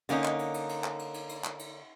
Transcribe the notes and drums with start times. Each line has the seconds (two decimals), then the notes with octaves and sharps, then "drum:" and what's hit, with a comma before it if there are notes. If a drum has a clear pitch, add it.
0.09 D3 A#3 C#4 D#4, drum: cymbal
0.24 drum: clap
0.39 drum: cymbal
0.54 drum: cymbal
0.69 drum: cymbal
0.84 drum: clap
0.99 drum: cymbal
1.14 drum: cymbal
1.29 drum: cymbal
1.44 drum: clap
1.59 drum: cymbal